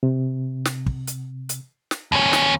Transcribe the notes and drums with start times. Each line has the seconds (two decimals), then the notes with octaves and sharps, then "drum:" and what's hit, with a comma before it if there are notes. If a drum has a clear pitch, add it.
0.03 C3
0.65 drum: snare
0.86 drum: kick
1.07 drum: hi-hat
1.49 drum: hi-hat
1.91 drum: snare
2.12 D#2 C#4
2.33 drum: snare